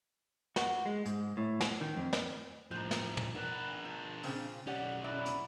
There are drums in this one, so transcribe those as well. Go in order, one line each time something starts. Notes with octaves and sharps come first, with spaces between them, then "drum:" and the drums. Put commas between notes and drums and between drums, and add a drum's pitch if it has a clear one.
F#4, drum: snare
G#3
G#2, drum: hi-hat
A2
drum: snare
D#3
F2
drum: snare
A2 F3 C5 A#5
drum: snare
drum: tom
B3 D4 A#4
F3
A#2 C#3 C4, drum: open hi-hat
B1 C#4 G4 D5 F#5
F#3 E4 D5
drum: hi-hat